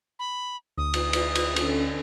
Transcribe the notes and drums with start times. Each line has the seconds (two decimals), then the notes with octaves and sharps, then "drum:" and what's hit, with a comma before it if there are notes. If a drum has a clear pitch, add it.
0.19 B5
0.78 D2 D#6
0.94 drum: cymbal
1.13 E4, drum: cymbal
1.35 drum: cymbal
1.56 D3 C#4 A4, drum: cymbal